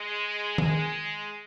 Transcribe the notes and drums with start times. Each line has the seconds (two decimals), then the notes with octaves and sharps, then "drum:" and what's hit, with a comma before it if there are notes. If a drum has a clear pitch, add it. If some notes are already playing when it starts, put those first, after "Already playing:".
Already playing: G#3
0.58 G#3, drum: tom D#3